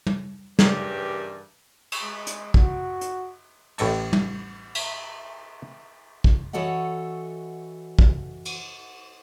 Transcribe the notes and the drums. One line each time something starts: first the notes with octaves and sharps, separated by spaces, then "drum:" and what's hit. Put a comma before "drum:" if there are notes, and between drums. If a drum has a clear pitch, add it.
drum: tom
G2 C#3 E3 G4 A#4, drum: snare
drum: cymbal
G#3
drum: hi-hat
F#4, drum: kick
drum: hi-hat
A1 A2 A4 D#5 A5, drum: cymbal
drum: tom
drum: cymbal
drum: kick
E3 F#4 A4 C#5 D#5 F#5
drum: kick
drum: cymbal